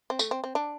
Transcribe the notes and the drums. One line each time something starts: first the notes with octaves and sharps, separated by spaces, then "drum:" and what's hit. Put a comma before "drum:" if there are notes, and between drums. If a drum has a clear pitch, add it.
C4
A3, drum: tambourine
C4
C4
D4